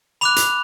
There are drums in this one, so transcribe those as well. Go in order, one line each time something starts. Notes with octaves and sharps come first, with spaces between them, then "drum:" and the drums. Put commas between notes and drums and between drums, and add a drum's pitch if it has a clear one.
B5 D6 F#6 F7
drum: hi-hat